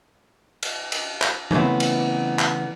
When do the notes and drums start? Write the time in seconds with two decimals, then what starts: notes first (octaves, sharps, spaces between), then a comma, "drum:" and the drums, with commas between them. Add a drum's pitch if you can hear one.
0.63 drum: cymbal
0.92 drum: cymbal
1.21 drum: clap
1.51 C#3 E3 A3 B3 C4, drum: tom
1.80 drum: cymbal
2.39 drum: clap